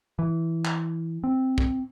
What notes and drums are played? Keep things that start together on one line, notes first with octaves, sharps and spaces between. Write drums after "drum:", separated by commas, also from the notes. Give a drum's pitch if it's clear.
E3
drum: clap
C4
drum: kick